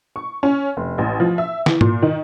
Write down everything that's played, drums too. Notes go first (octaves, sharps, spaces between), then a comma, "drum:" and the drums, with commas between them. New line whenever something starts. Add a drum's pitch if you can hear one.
C#6
C#4
F1
A1
F3
E5
E3, drum: snare
A#2, drum: tom G#2
D#3